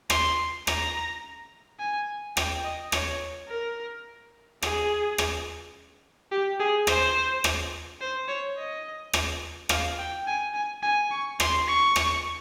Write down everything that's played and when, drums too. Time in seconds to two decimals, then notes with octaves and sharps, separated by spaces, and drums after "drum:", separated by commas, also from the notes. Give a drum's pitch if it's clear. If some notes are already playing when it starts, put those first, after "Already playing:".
0.10 C6, drum: rim click
0.67 A#5, drum: rim click
1.80 G#5
2.37 G5, drum: rim click
2.65 D#5
2.92 C#5, drum: rim click
3.48 A#4
4.62 G#4, drum: rim click
5.18 drum: rim click
6.31 G4
6.60 G#4
6.87 C5, drum: rim click
7.44 drum: rim click
8.01 C5
8.28 C#5
8.57 D#5
9.13 drum: rim click
9.69 F5, drum: rim click
9.98 G5
10.27 G#5
10.54 G#5
10.83 G#5
11.11 C#6
11.40 C6, drum: rim click
11.68 C#6
11.96 drum: rim click